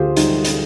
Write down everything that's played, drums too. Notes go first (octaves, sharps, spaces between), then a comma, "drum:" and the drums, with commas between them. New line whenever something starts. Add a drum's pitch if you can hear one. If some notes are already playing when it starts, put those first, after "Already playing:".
Already playing: D2 F4 G4 G#4 C5
G3 D#4, drum: hi-hat
drum: hi-hat